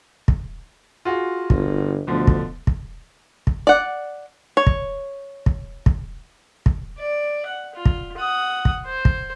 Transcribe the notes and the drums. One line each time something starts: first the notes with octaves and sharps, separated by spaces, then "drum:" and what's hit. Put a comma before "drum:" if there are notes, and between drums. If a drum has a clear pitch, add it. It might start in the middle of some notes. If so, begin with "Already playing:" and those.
drum: kick
F4 F#4 G#4
G1, drum: kick
D2 B2 D3 F3
drum: kick
drum: kick
drum: kick
D5 F#5
C#5
drum: kick
drum: kick
drum: kick
drum: kick
D5
F#5
F4
drum: kick
F#5 D#6
drum: kick
C5
drum: kick